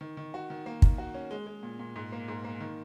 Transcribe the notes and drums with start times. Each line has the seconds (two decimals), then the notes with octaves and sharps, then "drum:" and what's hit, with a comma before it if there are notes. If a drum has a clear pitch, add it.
0.01 D#3
0.17 D#3
0.34 F#4
0.50 D#3
0.66 A#3
0.82 D#3, drum: kick
0.98 F#4
1.14 C#4
1.31 G#3
1.47 G#3
1.63 A#2
1.79 A#2
1.96 G#2
2.12 A#3
2.28 G#2
2.45 A#3
2.61 D#3